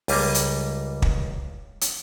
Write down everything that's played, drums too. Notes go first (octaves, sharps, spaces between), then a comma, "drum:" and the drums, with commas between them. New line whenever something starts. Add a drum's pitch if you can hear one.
C#2 G3 A#3, drum: open hi-hat
drum: hi-hat
drum: kick
drum: hi-hat